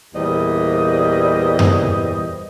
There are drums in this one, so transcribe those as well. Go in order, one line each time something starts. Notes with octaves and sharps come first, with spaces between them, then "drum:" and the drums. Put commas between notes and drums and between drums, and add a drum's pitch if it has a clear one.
E2 A#2 E3 G3 C5 D#5
drum: tom F#2